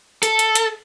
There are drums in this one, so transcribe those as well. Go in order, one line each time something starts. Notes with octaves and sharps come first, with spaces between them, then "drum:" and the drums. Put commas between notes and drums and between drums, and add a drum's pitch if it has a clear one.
A4, drum: hi-hat
drum: hi-hat
drum: hi-hat